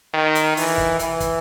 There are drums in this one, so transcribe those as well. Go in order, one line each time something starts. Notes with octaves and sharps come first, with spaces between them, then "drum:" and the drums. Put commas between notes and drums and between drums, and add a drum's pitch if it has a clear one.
D#3
drum: hi-hat
E3, drum: open hi-hat
drum: kick
E3, drum: hi-hat
drum: kick, hi-hat